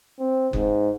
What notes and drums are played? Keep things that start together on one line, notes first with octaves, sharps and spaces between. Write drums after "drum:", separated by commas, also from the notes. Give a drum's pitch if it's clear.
C4
G#2, drum: kick F#1